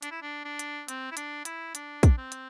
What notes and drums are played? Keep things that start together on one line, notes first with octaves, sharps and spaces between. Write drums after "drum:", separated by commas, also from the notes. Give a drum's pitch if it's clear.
D4, drum: hi-hat
E4
D4
D4
drum: hi-hat
C4, drum: hi-hat
E4
D4, drum: hi-hat
E4, drum: hi-hat
D4, drum: hi-hat
drum: kick, hi-hat
C4
drum: hi-hat